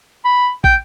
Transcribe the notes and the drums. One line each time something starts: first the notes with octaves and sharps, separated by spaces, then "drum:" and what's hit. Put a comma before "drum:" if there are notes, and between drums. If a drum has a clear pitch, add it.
B5
G5, drum: kick